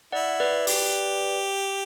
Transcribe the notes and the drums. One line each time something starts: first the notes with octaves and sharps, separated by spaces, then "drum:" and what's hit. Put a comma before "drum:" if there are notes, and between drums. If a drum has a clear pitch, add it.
E4 D5 F#5
B4 D5
G4, drum: open hi-hat